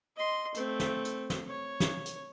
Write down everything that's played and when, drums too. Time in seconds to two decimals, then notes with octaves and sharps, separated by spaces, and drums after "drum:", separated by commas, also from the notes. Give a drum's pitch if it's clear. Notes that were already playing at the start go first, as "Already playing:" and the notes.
0.16 D#5 C6
0.54 A3 C4, drum: hi-hat
0.80 drum: snare
1.05 drum: hi-hat
1.30 drum: snare
1.48 C#5
1.80 drum: snare
2.05 drum: hi-hat